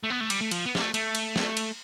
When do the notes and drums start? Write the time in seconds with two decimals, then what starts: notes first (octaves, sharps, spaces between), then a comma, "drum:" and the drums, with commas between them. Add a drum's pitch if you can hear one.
0.03 A3
0.10 B3
0.21 A3
0.30 G3, drum: cymbal
0.41 A3
0.51 F3, drum: cymbal
0.66 B3
0.75 G3, drum: snare
0.79 A3
0.94 A3, drum: cymbal
1.15 drum: cymbal
1.36 drum: snare
1.57 drum: cymbal